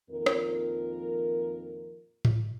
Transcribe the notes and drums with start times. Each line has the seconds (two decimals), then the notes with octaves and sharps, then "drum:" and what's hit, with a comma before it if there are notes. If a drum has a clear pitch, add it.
0.11 F2 A#2 D#3 F3 A#4
0.26 drum: rim click
2.25 drum: tom G#2